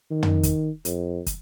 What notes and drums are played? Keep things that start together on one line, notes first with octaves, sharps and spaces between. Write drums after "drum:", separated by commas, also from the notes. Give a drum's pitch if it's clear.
D#3
drum: tom
drum: kick, hi-hat
F2, drum: hi-hat
drum: kick, hi-hat